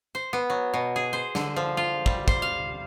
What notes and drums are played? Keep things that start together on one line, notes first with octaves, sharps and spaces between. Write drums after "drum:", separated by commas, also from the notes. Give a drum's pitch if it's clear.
C5
B3
F#3
B2
G#4
C5
D3, drum: snare
F3
F4
G3, drum: kick
C5, drum: kick
F5